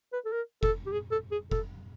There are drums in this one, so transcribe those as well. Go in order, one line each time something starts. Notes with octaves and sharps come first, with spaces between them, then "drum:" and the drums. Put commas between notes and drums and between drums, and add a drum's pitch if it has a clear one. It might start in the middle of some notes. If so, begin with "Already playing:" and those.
B4
A4
A#4
A4, drum: kick F1
G4
G#4
A4
G#4
A4, drum: kick F1